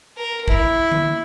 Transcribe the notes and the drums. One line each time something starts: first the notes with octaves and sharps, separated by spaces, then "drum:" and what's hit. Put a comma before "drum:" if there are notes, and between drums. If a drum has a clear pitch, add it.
A#4
E4, drum: kick
drum: tom D3